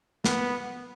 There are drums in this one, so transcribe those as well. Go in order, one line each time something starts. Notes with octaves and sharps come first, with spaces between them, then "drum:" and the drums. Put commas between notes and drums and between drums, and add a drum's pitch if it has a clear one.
B3, drum: snare